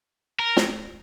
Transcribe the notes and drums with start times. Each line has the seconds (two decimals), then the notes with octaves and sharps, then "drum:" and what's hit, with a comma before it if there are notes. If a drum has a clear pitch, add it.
0.39 A#4
0.57 drum: snare